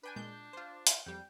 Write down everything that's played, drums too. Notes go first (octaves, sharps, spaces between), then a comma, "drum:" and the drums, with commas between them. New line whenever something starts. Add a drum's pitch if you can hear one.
D4 B4 G5 G#5
A#2 G#3 G6
F4 C5
drum: hi-hat
F2 G3 G5